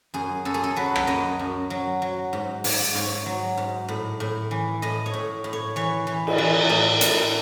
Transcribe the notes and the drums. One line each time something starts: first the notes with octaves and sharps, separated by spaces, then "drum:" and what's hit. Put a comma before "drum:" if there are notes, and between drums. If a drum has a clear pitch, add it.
F#2 G#4
F#2 A4
G#4
A4
F#3 B4
drum: rim click
F#2 D#5
F#2
F#3
F#3
G#2
G#2, drum: open hi-hat
G#2 C#5
F#3
G#2
A2
A2
E3
A2 D#5
C#5
A2
A2
C#5
E3 C#5
E3
drum: cymbal
E3
A2
A2, drum: hi-hat